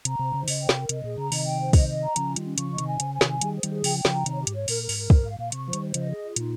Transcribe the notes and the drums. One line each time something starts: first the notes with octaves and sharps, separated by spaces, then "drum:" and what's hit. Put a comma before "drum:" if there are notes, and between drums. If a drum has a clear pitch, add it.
C3 A#5, drum: hi-hat
C3 C5
C#3 C5
D#3
C#3 D#5, drum: open hi-hat
G5
C3, drum: snare
A#4
C3 D#5, drum: hi-hat
A#2 G#4
C#3 A#5
C3 D#3 D#5, drum: open hi-hat
G5
C5
D#5, drum: kick, open hi-hat
D#5
A#5
C#3 F3 C#4, drum: hi-hat
F4
D#3 G3, drum: hi-hat
C#4
C#3 F3 C#6, drum: hi-hat
D#5
C3 D#3, drum: hi-hat
G#5
C#3 C5, drum: hi-hat
G#5
C3 D#3, drum: snare
G#5
D#3 G3 G#4, drum: hi-hat
C5
D#3 G3, drum: hi-hat
G#4
C#3 F3 G5, drum: open hi-hat
G5
C#3 F3, drum: snare
A#5
C3 D#3 C#5, drum: hi-hat
G4
G#2, drum: hi-hat
C#5
A#2 A#4, drum: open hi-hat
A#4
G#2, drum: open hi-hat
A#4
G2 C5, drum: kick
G#2 F5
A#2 F5
C3 C#6, drum: hi-hat
F3 C5
D#3 G3, drum: hi-hat
C5
C#3 F3 D#5, drum: hi-hat
G#4
F4
A#2 D#4, drum: hi-hat